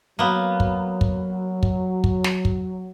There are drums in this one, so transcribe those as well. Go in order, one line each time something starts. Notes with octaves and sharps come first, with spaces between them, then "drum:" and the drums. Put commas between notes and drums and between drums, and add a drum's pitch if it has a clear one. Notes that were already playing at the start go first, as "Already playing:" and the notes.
F#3 A#3 B3
drum: kick
drum: kick
drum: kick
drum: kick
drum: snare
drum: kick